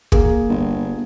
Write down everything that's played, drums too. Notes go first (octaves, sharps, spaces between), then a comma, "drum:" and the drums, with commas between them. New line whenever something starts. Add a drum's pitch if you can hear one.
A#3 G#4, drum: kick
G1